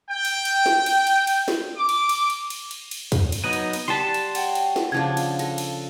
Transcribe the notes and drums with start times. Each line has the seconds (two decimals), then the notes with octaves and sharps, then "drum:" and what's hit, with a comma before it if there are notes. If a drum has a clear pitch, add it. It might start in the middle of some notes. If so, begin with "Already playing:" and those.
0.11 G5
0.25 drum: cymbal
0.45 drum: cymbal
0.66 drum: snare
0.86 drum: cymbal
1.07 drum: cymbal
1.27 drum: cymbal
1.48 drum: snare
1.77 D6
1.89 drum: cymbal
2.09 drum: cymbal
2.30 drum: cymbal
2.50 drum: cymbal
2.71 drum: cymbal
2.91 drum: cymbal
3.12 drum: kick, cymbal
3.32 drum: cymbal
3.44 F#3 B3 D#4 D#7
3.53 drum: cymbal
3.73 drum: cymbal
3.88 G3 F#5 A5 B5 C6
4.14 drum: cymbal
4.35 F#4 C#5 G5, drum: cymbal
4.55 drum: cymbal
4.76 drum: snare
4.92 C#3 F3 D4 G#6
5.17 drum: cymbal
5.39 A4, drum: cymbal
5.58 drum: cymbal